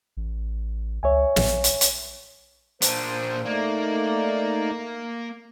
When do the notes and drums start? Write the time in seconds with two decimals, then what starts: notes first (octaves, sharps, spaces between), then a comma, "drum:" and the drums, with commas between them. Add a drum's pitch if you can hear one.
0.17 A1
1.03 C#2 C#5 E5 G#5
1.36 A#1, drum: snare
1.64 drum: hi-hat
1.81 drum: hi-hat
2.82 A#2 D4 C5, drum: hi-hat
3.46 A3 A#3 D#4 D5